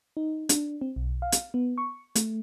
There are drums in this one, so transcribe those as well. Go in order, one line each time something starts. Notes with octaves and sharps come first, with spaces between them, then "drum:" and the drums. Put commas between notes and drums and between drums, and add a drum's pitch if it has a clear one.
D#4
D4, drum: hi-hat
C4
B1
F5
drum: hi-hat
B3
C#6
A3, drum: hi-hat